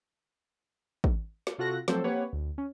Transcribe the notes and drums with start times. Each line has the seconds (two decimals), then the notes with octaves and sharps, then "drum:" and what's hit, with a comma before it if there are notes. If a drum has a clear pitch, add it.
1.04 drum: kick A1
1.47 drum: snare
1.58 C3 F4 F#4 A4 F#6 A#6
1.88 F3 F#3 A3 C4 A4 C5, drum: snare
2.04 A#3 C4 G4 B4 C#5 F#5
2.33 D2
2.58 C#4